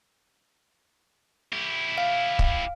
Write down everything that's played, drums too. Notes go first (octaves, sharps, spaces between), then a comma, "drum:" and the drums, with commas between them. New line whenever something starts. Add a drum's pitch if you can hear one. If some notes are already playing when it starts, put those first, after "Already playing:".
E4 G4
F5
drum: kick